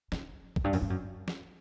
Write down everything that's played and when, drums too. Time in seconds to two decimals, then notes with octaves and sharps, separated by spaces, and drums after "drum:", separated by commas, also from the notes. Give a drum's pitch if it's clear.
0.12 D#3, drum: snare
0.56 F#2, drum: kick
0.64 G2
0.73 F#2, drum: open hi-hat
0.82 G2
0.90 F#2
1.28 drum: snare